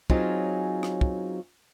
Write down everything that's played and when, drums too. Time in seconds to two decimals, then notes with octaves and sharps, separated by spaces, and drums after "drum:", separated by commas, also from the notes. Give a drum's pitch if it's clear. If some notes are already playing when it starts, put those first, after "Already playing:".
0.10 F#3 C4 C#4 D#4 F4 G#4, drum: kick
0.83 drum: rim click
1.01 drum: kick